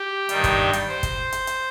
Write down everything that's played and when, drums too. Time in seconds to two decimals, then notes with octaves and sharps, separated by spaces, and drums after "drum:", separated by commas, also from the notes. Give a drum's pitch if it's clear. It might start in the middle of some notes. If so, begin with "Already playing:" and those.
Already playing: G4
0.29 G2 D#3 G3, drum: hi-hat
0.44 drum: kick, hi-hat
0.73 drum: hi-hat
0.88 C5
1.03 drum: kick, hi-hat
1.32 drum: hi-hat
1.47 drum: hi-hat